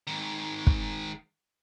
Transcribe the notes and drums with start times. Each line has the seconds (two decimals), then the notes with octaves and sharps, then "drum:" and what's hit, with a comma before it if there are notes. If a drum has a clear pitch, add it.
0.07 G#2 D#3
0.67 drum: kick